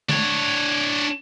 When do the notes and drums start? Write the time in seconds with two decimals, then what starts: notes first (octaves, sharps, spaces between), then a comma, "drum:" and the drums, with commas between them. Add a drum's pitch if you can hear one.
0.09 D4 C#5, drum: tom D3